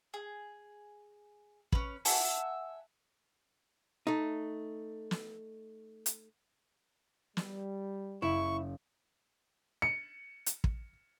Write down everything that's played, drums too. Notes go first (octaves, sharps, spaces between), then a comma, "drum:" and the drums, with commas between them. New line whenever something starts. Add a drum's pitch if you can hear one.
G#4
C#4 B4, drum: kick
E5 F#5 G#5 A5, drum: open hi-hat
A3 D#4
drum: snare
drum: hi-hat
G3, drum: snare
F#1 E4 C#6
C#7
drum: hi-hat
drum: kick